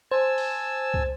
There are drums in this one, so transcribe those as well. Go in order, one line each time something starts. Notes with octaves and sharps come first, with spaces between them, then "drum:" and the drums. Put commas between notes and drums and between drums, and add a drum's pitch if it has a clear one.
C5 G#5 A5 E6
drum: open hi-hat
drum: kick